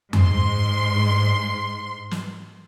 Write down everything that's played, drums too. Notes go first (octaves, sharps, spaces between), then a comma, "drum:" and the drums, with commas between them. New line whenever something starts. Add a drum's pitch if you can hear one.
G#2 C6, drum: tom F2
drum: snare